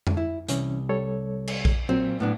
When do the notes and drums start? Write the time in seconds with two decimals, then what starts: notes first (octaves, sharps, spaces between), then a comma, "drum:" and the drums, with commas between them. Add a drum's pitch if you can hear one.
0.07 drum: tom F2
0.17 E4
0.48 C2 E3 C#4, drum: hi-hat
0.89 G3 A4 C#5
1.47 drum: cymbal
1.65 drum: kick A#1
1.89 A#2 F#3 C4
2.20 A2 B3 D4